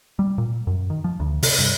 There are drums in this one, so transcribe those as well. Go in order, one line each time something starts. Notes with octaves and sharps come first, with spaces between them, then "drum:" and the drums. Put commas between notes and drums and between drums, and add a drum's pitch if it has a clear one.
G3
A#2
F#2
D#3
F3
D2
C3, drum: open hi-hat
G2